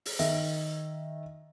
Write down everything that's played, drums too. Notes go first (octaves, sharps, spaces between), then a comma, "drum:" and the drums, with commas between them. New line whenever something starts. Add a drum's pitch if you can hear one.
drum: open hi-hat
D#3 E5 A#6, drum: hi-hat